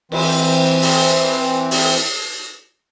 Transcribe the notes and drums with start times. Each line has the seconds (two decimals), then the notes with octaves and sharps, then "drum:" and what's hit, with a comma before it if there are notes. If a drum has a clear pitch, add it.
0.12 E3 C4, drum: cymbal
0.82 drum: open hi-hat
1.71 drum: open hi-hat